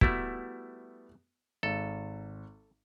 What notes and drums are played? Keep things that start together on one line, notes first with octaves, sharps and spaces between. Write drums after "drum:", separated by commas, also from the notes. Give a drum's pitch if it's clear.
G3 A3 B3 E4 F#4, drum: kick
G#1 A4